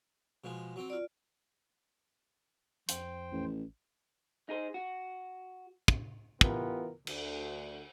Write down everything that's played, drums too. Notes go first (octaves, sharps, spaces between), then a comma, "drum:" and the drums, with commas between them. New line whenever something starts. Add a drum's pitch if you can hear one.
B2 F3 G#3
F#3 C4
F4 D5
F2 C5 G5, drum: hi-hat
A1
D#4 G#4 A#4 C5
F#4
drum: kick
E3 B3 F4 G4 A#4, drum: kick
D2, drum: cymbal